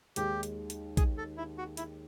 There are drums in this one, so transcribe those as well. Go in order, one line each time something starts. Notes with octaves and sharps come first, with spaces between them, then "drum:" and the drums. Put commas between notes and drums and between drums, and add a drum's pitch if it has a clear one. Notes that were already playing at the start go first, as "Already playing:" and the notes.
D#2 D#3 G#3 G4, drum: hi-hat
drum: hi-hat
drum: hi-hat
G#4, drum: kick A#1, hi-hat
A4
E4
F#4
E4, drum: hi-hat